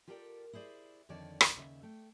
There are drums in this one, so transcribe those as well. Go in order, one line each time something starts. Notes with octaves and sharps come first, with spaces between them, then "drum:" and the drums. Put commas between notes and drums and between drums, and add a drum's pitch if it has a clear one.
F4 G4 A4 A#4 D5 G5
E4 G#4 C5 D5
F2 D3 D#3 C#5 D5 A5
drum: rim click
D#2 C#3 E5
A3 G5